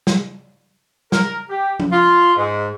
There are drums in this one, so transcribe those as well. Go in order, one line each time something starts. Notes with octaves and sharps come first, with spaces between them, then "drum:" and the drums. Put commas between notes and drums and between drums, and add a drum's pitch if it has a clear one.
drum: snare
A#4, drum: snare
G4
drum: tom F3
F4
G#2